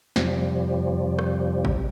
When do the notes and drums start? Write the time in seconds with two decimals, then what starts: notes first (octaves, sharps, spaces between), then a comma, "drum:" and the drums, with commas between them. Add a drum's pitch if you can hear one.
0.16 F2 C3 F3 G3, drum: snare
1.19 drum: rim click
1.65 drum: kick A1